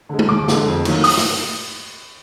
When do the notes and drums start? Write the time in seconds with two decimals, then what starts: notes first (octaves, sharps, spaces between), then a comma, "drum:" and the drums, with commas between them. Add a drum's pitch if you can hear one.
0.09 D3 G#3
0.19 drum: tom G#3
0.29 D#2 D6
0.48 D3 G#3, drum: snare
0.67 F2
0.85 D#3 F#3 A#3, drum: cymbal
1.04 D#6, drum: open hi-hat
1.18 drum: snare